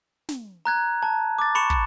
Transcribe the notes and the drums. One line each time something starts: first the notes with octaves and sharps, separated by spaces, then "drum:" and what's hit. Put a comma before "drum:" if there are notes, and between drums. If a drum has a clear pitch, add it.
drum: snare
A#5 F#6 G#6
A5
D6 A6
B5 C#6 C#7 E7
drum: kick